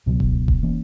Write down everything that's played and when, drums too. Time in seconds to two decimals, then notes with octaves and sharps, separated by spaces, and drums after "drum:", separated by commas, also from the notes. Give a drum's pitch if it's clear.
0.06 C#2 B2 F#3
0.20 drum: kick E1
0.48 drum: kick E1
0.63 E3 A#3 C#4